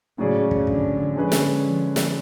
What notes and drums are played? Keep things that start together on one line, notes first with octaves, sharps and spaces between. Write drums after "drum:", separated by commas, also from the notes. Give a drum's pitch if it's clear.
A2 C#3 F#3 C#4 G#4 D5
drum: kick
D3, drum: kick
D3 F3 G#3 C#4 G#4 B4
drum: snare
F3
drum: snare